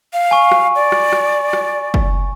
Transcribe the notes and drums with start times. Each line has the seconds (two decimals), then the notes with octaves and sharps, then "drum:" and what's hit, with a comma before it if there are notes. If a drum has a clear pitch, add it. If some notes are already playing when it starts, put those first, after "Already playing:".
0.13 F5
0.31 G#5 C#6
0.52 drum: rim click
0.75 D5
0.92 drum: rim click
1.13 drum: rim click
1.53 drum: rim click
1.94 drum: kick F#1